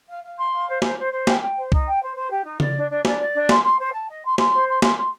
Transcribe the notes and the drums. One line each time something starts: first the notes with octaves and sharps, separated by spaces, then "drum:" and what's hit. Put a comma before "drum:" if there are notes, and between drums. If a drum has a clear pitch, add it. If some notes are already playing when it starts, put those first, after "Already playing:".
F5
F5
C6
F5
C5
C5, drum: snare
C5
C5
G5, drum: snare
G5
C5
D#4, drum: kick C2
G5
C5
C5
G4
D#4
D5, drum: tom C#3
D4
D4
D4, drum: snare
D5
D4
C6, drum: snare
C6
C5
A5
D#5
C6
C6, drum: snare
C5
C6
C6, drum: snare
C6